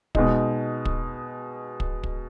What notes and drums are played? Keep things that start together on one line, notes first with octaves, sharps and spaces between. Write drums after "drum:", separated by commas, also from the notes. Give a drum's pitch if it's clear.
B2 G#3 D#4, drum: kick
drum: kick
drum: kick
drum: kick